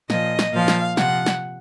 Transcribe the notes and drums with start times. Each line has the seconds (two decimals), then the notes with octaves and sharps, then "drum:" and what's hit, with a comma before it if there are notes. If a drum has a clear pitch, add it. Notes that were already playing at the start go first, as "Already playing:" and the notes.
0.10 A#2 F3 D#5, drum: snare
0.39 drum: snare
0.53 A#2 F3 F5
0.68 drum: snare
0.97 C3 F3 F#5, drum: snare
1.26 drum: snare